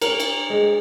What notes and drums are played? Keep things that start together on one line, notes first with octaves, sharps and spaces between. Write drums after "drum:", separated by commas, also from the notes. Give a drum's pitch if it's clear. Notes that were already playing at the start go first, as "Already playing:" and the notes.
A#4, drum: cymbal
drum: cymbal
G#3